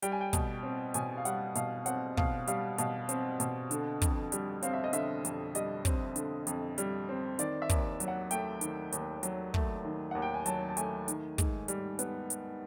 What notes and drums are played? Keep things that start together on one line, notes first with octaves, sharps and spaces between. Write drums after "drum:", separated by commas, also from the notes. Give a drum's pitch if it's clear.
G3 G5, drum: hi-hat
G#5
G5
B2, drum: kick, hi-hat
C4
B2 G#5, drum: hi-hat
F5
G3 F#5, drum: hi-hat
B2 F5, drum: hi-hat
C4 F#5, drum: hi-hat
B2 F5, drum: kick
G3 F5, drum: hi-hat
B2 F5, drum: hi-hat
C4, drum: hi-hat
B2, drum: hi-hat
D3, drum: hi-hat
F2, drum: kick, hi-hat
G3, drum: hi-hat
C4 F5, drum: hi-hat
E5
D#5
D3 E5, drum: hi-hat
F2, drum: hi-hat
G3 D#5, drum: hi-hat
C4, drum: kick, hi-hat
D3, drum: hi-hat
F2, drum: hi-hat
G3, drum: hi-hat
C4
D#3 D5, drum: hi-hat
E5
D#2, drum: kick, hi-hat
F#3, drum: hi-hat
F#5
A3 G5, drum: hi-hat
D#3, drum: hi-hat
D#2, drum: hi-hat
F#3, drum: hi-hat
A3, drum: kick
D#3
D#2 F#5
G5
G#5
F#3 A5, drum: hi-hat
A5
A3 G#5, drum: hi-hat
D#3, drum: hi-hat
G#2, drum: kick, hi-hat
G3, drum: hi-hat
B3, drum: hi-hat
drum: hi-hat